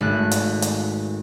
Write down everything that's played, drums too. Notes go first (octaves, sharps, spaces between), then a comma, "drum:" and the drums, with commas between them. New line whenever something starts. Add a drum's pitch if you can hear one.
G#1 A3 F#6
drum: hi-hat
drum: hi-hat